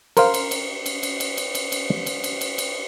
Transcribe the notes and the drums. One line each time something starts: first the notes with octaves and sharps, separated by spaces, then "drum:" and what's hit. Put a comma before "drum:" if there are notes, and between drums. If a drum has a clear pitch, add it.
A#4 C5 F5, drum: cymbal
drum: cymbal
drum: cymbal
drum: cymbal
drum: cymbal
drum: cymbal
drum: cymbal
drum: cymbal
drum: cymbal
drum: cymbal
drum: cymbal
drum: cymbal
drum: cymbal